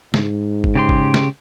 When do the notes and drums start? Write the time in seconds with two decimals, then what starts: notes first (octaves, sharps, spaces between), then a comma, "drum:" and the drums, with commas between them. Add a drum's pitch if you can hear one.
0.14 G#2, drum: snare
0.64 drum: kick G1
0.75 C#3 G4 C6
0.89 drum: kick G1
1.14 drum: snare